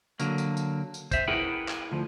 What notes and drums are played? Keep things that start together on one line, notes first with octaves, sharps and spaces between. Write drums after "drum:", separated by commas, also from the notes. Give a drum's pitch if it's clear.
D3 F#3 A#3, drum: tambourine
drum: tambourine
drum: tambourine
drum: tambourine
C5 E5, drum: kick A#1, tambourine
E4 G#4 A#4 B4 F#5 G5
drum: clap
D2 F3